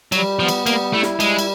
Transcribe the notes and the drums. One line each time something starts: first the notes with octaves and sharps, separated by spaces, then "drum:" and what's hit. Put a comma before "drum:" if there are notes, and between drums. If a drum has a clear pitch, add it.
F#3 G3, drum: cymbal
F3 B3
drum: cymbal
G3 A#3, drum: cymbal
A3 E4
drum: snare
G3 G#3, drum: cymbal
drum: cymbal